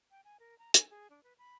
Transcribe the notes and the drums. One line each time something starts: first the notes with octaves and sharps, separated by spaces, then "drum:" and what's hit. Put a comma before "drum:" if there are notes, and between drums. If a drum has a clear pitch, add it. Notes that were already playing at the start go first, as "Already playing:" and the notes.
G5
G#5
A#4
A#5
G#5, drum: hi-hat
G#4
D4
B4
B5